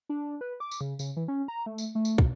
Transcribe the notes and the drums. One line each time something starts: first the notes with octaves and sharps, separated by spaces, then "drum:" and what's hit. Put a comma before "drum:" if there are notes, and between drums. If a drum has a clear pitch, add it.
D4
B4
D6
drum: tambourine
C#3
C#3, drum: tambourine
E3
C#4
A#5
A3
drum: tambourine
A3
drum: tambourine
B2, drum: kick